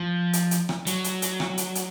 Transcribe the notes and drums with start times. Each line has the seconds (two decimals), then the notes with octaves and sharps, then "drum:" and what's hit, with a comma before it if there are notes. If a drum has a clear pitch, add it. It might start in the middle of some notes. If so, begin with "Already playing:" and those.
Already playing: F3
0.33 drum: hi-hat
0.51 drum: hi-hat
0.69 drum: rim click
0.87 F#3, drum: hi-hat
1.04 drum: hi-hat
1.22 drum: hi-hat
1.40 drum: rim click
1.58 drum: hi-hat
1.75 drum: hi-hat